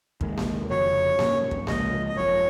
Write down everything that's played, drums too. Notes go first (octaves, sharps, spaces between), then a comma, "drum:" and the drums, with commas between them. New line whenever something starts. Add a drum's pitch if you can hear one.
D#2 D#3 G#3, drum: kick
drum: snare A#3
F1 F2 C#3 F#3 C#5
G#2 F#3 C#4, drum: snare A#3
drum: kick
C#2 C#3 F3 G#3 D#5, drum: snare A#3
D#5
G#1 F#2 F3 C#5